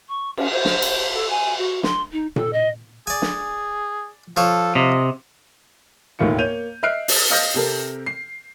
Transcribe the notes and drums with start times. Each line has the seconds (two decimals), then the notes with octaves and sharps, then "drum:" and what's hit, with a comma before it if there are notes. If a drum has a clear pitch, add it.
0.09 C#6
0.37 C#4, drum: cymbal
0.52 C5
0.65 drum: snare
0.82 drum: cymbal
1.14 A4
1.30 G#5
1.58 F#4
1.83 C6, drum: snare
2.12 D#4
2.36 A4, drum: tom A#2
2.53 D#5
3.07 G#4 D5 G#5
3.22 drum: snare
4.37 F3 A4 C#5
4.75 C3 D#5
6.19 E1 D#2 A2 D#3 F4 C#7
6.38 A#3 C#5 G6 D#7 F7
6.83 D#5 E5 F6 F#6 C7 D7
7.08 drum: open hi-hat
7.30 D#5 F5 D#6 F6 G6 A#6
7.54 C3 C4 G4 A4 A#4
8.06 C7